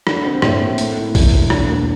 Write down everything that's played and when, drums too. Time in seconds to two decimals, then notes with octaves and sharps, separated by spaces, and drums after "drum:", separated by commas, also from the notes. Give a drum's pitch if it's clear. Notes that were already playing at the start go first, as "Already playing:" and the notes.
0.07 D3, drum: rim click
0.25 C4
0.42 A2, drum: rim click
0.60 A#3
0.78 A3, drum: hi-hat
0.96 E4
1.15 E2, drum: kick A#1, open hi-hat
1.32 E1
1.50 D3, drum: rim click
1.69 A#3